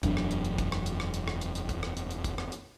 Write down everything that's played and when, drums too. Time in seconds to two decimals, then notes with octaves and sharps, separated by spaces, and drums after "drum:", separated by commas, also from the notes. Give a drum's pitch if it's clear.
0.03 E1 F#2 D4, drum: kick, hi-hat
0.17 drum: rim click
0.31 drum: hi-hat
0.45 drum: hi-hat
0.58 drum: kick, hi-hat
0.72 drum: rim click
0.86 drum: hi-hat
1.00 drum: rim click
1.14 drum: hi-hat
1.28 drum: rim click
1.41 drum: hi-hat
1.55 drum: hi-hat
1.69 drum: kick, hi-hat
1.83 drum: rim click
1.97 drum: hi-hat
2.11 drum: hi-hat
2.24 drum: kick, hi-hat
2.38 drum: rim click
2.52 drum: hi-hat